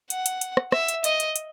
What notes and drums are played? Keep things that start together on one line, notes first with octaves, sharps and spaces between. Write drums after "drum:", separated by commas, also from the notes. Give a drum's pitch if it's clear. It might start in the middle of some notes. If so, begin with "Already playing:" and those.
F#5, drum: hi-hat
drum: hi-hat
drum: hi-hat
drum: rim click
E5, drum: rim click
drum: hi-hat
D#5, drum: hi-hat
drum: hi-hat
drum: hi-hat